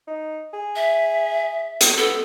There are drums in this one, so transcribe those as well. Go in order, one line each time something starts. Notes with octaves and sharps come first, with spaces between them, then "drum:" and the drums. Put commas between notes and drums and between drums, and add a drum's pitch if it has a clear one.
D#4
G#4
E5
drum: hi-hat
B3 A4